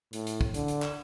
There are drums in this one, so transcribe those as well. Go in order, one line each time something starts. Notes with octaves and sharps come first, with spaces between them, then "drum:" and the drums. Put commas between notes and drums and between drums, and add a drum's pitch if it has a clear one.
A2, drum: hi-hat
drum: hi-hat
drum: kick
D3, drum: hi-hat
drum: hi-hat
drum: clap